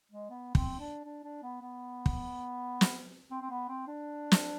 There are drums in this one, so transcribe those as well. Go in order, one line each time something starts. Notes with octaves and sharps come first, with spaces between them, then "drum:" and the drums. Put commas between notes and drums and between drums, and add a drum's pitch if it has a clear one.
G#3
B3
C4, drum: kick
D4
D4
D4
B3
B3
drum: kick
drum: snare
C4
C4
B3
C4
D4
drum: snare